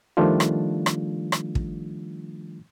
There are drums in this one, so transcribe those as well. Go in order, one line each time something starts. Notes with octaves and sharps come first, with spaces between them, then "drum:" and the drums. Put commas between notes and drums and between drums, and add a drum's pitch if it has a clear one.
D#3 F3 G3 A3 D4 F4
drum: rim click
drum: rim click
drum: rim click
drum: kick